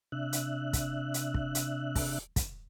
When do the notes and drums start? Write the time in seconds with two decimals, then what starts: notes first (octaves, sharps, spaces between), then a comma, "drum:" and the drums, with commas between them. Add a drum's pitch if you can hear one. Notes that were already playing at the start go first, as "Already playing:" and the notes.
0.12 C3 D4 E5 F#6
0.33 drum: hi-hat
0.73 drum: kick, hi-hat
1.14 drum: hi-hat
1.34 drum: kick
1.55 drum: hi-hat
1.95 drum: kick, open hi-hat
2.36 drum: kick, hi-hat